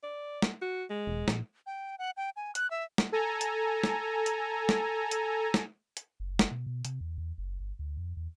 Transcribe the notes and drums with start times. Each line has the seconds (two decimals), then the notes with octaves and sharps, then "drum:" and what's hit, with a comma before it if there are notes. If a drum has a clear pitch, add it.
0.03 D5
0.42 drum: snare
0.62 F#4
0.90 G#3
1.07 E1
1.28 A#1, drum: snare
1.66 G5
1.99 F#5
2.17 G5
2.36 G#5
2.55 F#6, drum: hi-hat
2.71 E5
2.98 drum: snare
3.12 A4 G#5 A#5
3.41 drum: hi-hat
3.84 drum: snare
4.26 drum: hi-hat
4.69 drum: snare
5.11 drum: hi-hat
5.54 drum: snare
5.97 drum: hi-hat
6.20 F#1
6.39 drum: snare
6.51 B2
6.66 B2
6.85 C3, drum: hi-hat
7.00 E2
7.18 E2
7.38 F#1
7.60 G1
7.79 D2
7.97 F2
8.17 E2